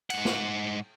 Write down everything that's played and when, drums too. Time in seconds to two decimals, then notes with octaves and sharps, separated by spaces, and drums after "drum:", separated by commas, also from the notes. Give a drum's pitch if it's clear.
0.10 G#2 F#5, drum: cymbal
0.25 drum: snare